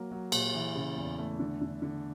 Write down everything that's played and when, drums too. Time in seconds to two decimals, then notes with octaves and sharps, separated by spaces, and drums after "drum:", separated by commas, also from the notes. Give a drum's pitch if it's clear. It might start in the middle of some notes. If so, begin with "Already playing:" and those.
Already playing: F#3 A#3
0.11 F#3
0.32 A#2, drum: cymbal
0.54 E3
0.75 C#3
0.97 E2
1.18 A3
1.39 D3
1.62 D3
1.82 D3